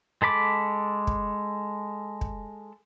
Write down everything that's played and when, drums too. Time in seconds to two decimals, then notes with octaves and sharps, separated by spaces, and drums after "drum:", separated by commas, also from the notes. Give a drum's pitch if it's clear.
0.22 G#3 A4 B5 D6
1.07 drum: kick
2.21 drum: kick